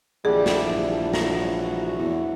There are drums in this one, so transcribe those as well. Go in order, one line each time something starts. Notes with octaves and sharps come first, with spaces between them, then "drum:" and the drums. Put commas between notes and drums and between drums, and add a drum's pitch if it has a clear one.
A#1 D3 E3 G3 G#4
drum: snare
F#4 C#5 A#5, drum: snare
E2